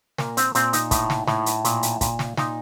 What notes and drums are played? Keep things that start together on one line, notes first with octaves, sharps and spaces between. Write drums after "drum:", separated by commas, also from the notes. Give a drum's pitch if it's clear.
A#2 A#3, drum: snare
C4, drum: hi-hat
A#2 C4, drum: hi-hat
D#4, drum: hi-hat
A2, drum: kick, hi-hat
drum: snare
A2, drum: snare
drum: hi-hat
A#2, drum: hi-hat
drum: hi-hat
A#2, drum: kick, hi-hat
drum: snare
A#2 D#4, drum: snare